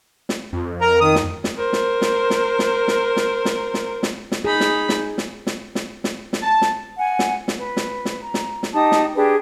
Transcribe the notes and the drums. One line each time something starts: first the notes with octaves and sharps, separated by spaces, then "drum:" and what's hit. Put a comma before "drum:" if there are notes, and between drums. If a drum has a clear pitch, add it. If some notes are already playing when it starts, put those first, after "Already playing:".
drum: snare
F2
A#4 A#5
D#3 D#6
drum: snare
drum: snare
A#4 C5
drum: snare
drum: snare
drum: snare
drum: snare
drum: snare
drum: snare
drum: snare
drum: snare
drum: snare
drum: snare
D#4 G#4 B5
drum: snare
drum: snare
drum: snare
drum: snare
drum: snare
drum: snare
drum: snare
A5
drum: snare
F#5 G#5
drum: snare
drum: snare
B4
drum: snare
drum: snare
A#5
drum: snare
drum: snare
D#4 G4 A5 D#6
drum: snare
D4 G4 G#4 B4